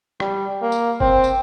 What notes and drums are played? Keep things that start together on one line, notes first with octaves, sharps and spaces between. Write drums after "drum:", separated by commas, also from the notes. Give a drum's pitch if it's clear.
G3, drum: rim click
A#3
drum: tambourine
C4, drum: kick F#1
drum: tambourine